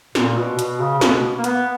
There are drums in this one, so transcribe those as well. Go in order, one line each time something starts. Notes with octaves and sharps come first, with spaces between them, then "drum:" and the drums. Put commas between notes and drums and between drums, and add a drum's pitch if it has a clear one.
A#2, drum: snare
B2
B2, drum: hi-hat
C#3
B2, drum: snare
A#3
B3, drum: hi-hat